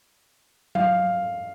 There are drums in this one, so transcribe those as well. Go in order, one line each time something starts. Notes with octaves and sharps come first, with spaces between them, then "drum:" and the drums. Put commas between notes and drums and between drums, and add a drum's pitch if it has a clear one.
F5, drum: tom F#3